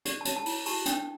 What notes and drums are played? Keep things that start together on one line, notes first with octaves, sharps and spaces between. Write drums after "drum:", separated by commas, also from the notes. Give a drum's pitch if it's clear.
G4 D5, drum: hi-hat
A5
C#5, drum: hi-hat
A5
E4, drum: open hi-hat
G4 A5, drum: open hi-hat
D4 G5, drum: hi-hat